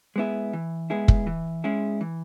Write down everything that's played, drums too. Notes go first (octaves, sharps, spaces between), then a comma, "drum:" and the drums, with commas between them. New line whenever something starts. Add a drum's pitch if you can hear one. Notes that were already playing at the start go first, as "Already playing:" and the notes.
G#3 B3 E4 G#4
E3
G#3 B3 E4 G#4
drum: kick
E3
G#3 C#4 E4 G#4
E3